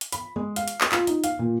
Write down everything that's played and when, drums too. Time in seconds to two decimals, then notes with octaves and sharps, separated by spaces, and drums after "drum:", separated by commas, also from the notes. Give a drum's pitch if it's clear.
0.01 drum: hi-hat
0.12 B5, drum: hi-hat
0.36 G#3
0.56 F5, drum: hi-hat
0.68 drum: hi-hat
0.81 drum: clap
0.92 F4, drum: clap
1.07 D#4, drum: hi-hat
1.24 F5, drum: hi-hat
1.39 A#2